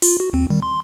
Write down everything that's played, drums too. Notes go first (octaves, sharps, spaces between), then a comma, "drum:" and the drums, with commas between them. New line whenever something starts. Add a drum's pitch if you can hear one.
F4, drum: open hi-hat
F#4
D#2 C4
D#3 G3
C6